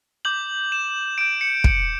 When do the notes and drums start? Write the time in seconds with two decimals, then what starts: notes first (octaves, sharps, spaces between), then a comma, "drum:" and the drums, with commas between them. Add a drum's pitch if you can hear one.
0.25 D6 G6 F#7
0.72 E7
1.18 D6 G6 D7
1.41 C#7
1.64 drum: kick